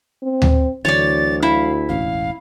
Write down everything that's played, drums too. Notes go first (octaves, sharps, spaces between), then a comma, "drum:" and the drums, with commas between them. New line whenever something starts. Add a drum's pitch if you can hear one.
C4
drum: tom D2
D2 D3 E3 F#3 C#5 D5 A6
E4 F5
E1 A1 C#4 F5